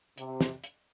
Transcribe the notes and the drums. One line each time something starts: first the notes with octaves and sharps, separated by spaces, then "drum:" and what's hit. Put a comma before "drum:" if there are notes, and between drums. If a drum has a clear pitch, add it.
C3, drum: hi-hat
drum: snare
drum: hi-hat